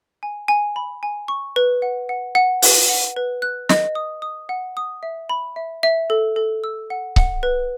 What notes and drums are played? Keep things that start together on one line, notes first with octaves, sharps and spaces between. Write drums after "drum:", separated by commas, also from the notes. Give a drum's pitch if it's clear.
G#5
G#5
B5
G#5
C#6
B4
F#5
F#5
F#5
B4, drum: open hi-hat
F#5
B4
F#6
D#5, drum: snare
D#6
D#6
F#5
D#6
E5
B5
E5
E5
A4
A4
E6
F#5
F#5, drum: kick C#1
B4